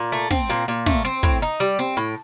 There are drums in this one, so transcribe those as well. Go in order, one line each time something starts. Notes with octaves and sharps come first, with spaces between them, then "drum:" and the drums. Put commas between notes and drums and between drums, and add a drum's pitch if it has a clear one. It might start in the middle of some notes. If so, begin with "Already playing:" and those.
Already playing: A#2
A3
C4, drum: snare
A#2
A#2
A3, drum: snare
C4
A2, drum: kick
D#4
G3
C4
A2